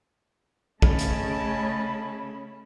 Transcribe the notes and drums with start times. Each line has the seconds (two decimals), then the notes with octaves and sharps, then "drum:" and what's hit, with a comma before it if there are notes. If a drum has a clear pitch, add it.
0.82 C#3 A3 C#4 D#5 G#5 A5 B5, drum: kick
0.99 drum: hi-hat